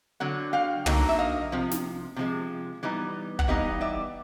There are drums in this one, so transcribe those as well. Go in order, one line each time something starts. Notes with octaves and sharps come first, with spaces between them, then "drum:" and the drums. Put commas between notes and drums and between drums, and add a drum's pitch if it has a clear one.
D3 F#3 F#5
F5 G5
D3 F#3 A#3 D#4, drum: tom
E5
D#5 F5
C3 F3
drum: snare
C3 F3 G#3
E3 G3 B3 D#4
F#5, drum: kick
E3 G3 B3 D#4 D#5 F5
D5 E5